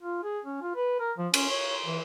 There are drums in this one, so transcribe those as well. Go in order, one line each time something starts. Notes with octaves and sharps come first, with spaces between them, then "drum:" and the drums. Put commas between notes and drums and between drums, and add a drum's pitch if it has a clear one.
F4
G#4
C#4
F4
B4
A#4
F3
C#4, drum: cymbal
C#5
E3